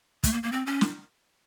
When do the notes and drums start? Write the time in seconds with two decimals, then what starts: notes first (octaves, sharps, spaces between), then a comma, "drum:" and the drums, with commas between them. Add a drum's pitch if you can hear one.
0.24 A3, drum: kick, hi-hat
0.33 A#3
0.43 A#3
0.52 C4
0.66 C#4
0.81 drum: snare